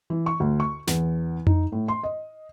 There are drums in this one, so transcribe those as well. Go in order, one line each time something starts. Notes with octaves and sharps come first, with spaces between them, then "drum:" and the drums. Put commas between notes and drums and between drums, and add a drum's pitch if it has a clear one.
E3
C#6
D2
C#6
E2, drum: snare
D#4, drum: tom F2
A2
C6
D#5